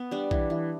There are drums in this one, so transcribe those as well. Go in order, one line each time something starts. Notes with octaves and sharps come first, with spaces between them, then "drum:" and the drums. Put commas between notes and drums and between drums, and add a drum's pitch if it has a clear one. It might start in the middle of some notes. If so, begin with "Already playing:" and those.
Already playing: B3
G3 D4
E3, drum: kick A#1
E3